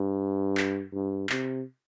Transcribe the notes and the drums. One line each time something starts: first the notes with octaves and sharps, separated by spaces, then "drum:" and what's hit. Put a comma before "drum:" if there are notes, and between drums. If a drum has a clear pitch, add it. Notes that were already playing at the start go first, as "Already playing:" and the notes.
Already playing: G2
drum: clap
G2
C3, drum: clap